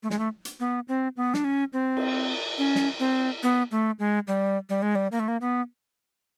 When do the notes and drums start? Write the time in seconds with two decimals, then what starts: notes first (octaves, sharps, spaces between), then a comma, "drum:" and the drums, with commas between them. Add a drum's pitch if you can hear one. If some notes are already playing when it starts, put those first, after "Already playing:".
0.03 A3
0.10 G#3, drum: snare
0.19 A3
0.45 drum: hi-hat
0.60 B3
0.88 C4
1.17 B3
1.34 D4, drum: snare
1.44 C#4
1.73 C4
1.97 drum: cymbal
2.58 C#4
2.75 drum: snare
3.00 C4
3.43 B3
3.71 A3
3.99 G#3
4.28 G3
4.69 G3
4.82 G#3
4.95 G3
5.12 A#3
5.20 A3
5.28 A#3
5.41 B3